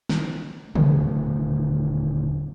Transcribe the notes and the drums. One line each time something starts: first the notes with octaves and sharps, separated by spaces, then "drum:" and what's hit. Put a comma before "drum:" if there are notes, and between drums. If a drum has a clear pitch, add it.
drum: snare
D#1 D3 A3, drum: tom